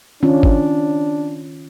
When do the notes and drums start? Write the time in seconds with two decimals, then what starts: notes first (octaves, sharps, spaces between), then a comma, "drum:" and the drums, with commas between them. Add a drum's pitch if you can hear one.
0.23 D#3 C#4 D4 F4
0.43 drum: kick